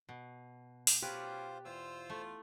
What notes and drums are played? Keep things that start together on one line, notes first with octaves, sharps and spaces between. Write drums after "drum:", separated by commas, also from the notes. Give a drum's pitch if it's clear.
B2
drum: open hi-hat
F#3 C#4 F4 G4 B4 C5 D5 F5
E2 F4 C5 E6
A3